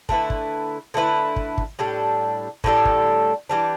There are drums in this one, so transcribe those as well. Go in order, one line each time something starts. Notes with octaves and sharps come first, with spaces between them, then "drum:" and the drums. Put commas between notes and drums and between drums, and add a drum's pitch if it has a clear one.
D3 A3 E4 B4, drum: kick
drum: kick
D3 A3 E4 B4
drum: kick
drum: kick
A2 G3 D4 A4
A2 G3 D4 A4, drum: kick
drum: kick
E3 G3 D4